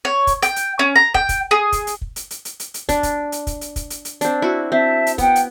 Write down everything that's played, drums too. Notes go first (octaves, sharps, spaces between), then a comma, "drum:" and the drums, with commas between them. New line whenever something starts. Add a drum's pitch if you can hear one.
C#5
drum: kick, hi-hat
G5, drum: hi-hat
drum: hi-hat
C#4
A#5
G5, drum: kick
drum: kick, hi-hat
G#4
drum: kick, hi-hat
drum: hi-hat
drum: kick
drum: hi-hat
drum: hi-hat
drum: hi-hat
drum: hi-hat
drum: hi-hat
D4, drum: kick, hi-hat
drum: kick, hi-hat
drum: hi-hat
drum: kick, hi-hat
drum: hi-hat
drum: kick, hi-hat
drum: hi-hat
drum: hi-hat
C4 D4, drum: hi-hat
E4 F#4
C4 E5 A5
drum: hi-hat
B3 F#5 G5, drum: kick, hi-hat
drum: hi-hat